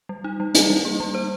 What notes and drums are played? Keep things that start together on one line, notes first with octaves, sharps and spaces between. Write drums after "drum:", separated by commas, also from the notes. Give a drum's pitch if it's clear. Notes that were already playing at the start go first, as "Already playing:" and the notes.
G3
D#4
G3
D#4, drum: hi-hat
G3
A#3
G3
C5